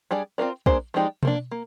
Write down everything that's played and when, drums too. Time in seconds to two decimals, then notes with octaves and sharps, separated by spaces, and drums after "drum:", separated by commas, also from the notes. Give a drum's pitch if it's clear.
0.11 G3 D4 G#4 D5
0.38 C4 F4 A#4 D5
0.66 A#3 D4 G#4 C5, drum: kick
0.94 F3 G#3 D#4 G4 D5
1.23 F3 A#3 D4, drum: tom B2
1.51 A#3